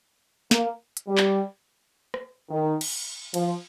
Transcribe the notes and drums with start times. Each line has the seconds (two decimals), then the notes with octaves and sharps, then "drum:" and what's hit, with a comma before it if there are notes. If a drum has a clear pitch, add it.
0.51 A#3, drum: snare
0.97 drum: hi-hat
1.07 G3
1.18 drum: clap
2.14 drum: rim click
2.49 D#3
2.81 drum: cymbal
3.34 F3, drum: cymbal